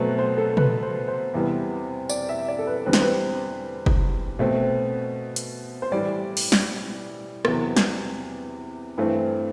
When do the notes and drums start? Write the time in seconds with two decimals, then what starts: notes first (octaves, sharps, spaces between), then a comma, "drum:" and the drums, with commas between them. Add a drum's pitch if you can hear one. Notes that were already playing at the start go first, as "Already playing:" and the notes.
Already playing: B2 F#3 A3 C4 B4
0.19 C5
0.38 A4
0.57 B4, drum: tom
0.83 C5
1.08 C5
1.34 E2 C3 E3 G3 B3
2.09 D5, drum: tambourine
2.29 E5
2.48 D5
2.59 A4
2.67 B4
2.86 E2 D3 G3 C4 B4
2.93 C5, drum: snare
3.01 B4
3.86 drum: kick
4.39 B2 A3 C4
5.36 drum: hi-hat
5.82 C5
5.92 A2 E3 G3 D5
6.37 drum: open hi-hat
6.52 drum: snare
7.45 E2 C3 F#3 B3, drum: rim click
7.76 drum: snare
8.98 G2 E3 A3 C4